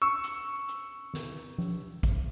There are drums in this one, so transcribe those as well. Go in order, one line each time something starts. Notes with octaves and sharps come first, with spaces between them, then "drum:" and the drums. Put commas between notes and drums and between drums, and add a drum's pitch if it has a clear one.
C#6 E6
drum: hi-hat
drum: hi-hat
drum: snare
drum: tom F3
drum: kick A1, hi-hat